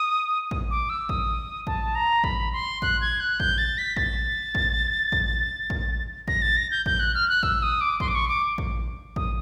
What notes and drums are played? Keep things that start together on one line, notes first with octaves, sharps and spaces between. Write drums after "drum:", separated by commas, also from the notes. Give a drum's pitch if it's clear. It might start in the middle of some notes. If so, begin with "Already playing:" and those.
Already playing: D#6
drum: kick
D6
E6
D#6, drum: kick
A5, drum: kick
A#5
B5, drum: kick
C6
F#6, drum: kick
G#6
F#6
G6, drum: kick
A6
B6
A6, drum: kick
drum: kick
drum: kick
drum: kick
A#6, drum: kick
A6
A#6
G6
G6, drum: kick
F#6
F6
F#6
E6, drum: kick
D#6
D6
C6, drum: kick
D6
C#6
D6
drum: kick
D#6, drum: kick